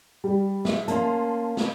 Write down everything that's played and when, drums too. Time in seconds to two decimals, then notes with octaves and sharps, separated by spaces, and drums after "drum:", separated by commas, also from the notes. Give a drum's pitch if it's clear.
0.24 G3
0.65 G#3 E5, drum: snare
0.88 A#3 C#4 A5 C6, drum: hi-hat
1.57 drum: snare